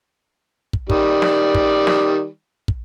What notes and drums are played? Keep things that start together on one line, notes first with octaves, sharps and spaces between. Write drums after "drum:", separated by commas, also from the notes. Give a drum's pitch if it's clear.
drum: kick
D#3 G3 D5, drum: kick
drum: snare
drum: kick
drum: snare
drum: kick